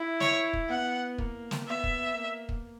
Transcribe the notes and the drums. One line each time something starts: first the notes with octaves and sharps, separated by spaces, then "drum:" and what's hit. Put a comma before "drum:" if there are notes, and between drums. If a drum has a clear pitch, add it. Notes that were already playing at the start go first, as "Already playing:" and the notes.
Already playing: E4
C#5, drum: snare
drum: kick
B3 F#5
A#3, drum: kick
drum: snare
B3 E5
drum: kick
A#3
drum: kick